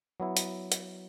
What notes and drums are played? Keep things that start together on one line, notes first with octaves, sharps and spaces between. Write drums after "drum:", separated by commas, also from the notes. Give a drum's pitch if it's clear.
F#3 B3 E4
drum: hi-hat
drum: hi-hat